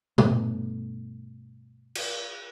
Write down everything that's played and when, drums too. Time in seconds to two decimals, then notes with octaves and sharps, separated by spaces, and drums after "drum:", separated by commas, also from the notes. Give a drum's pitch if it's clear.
0.18 G2 B2 A3, drum: tom A#2
1.95 drum: cymbal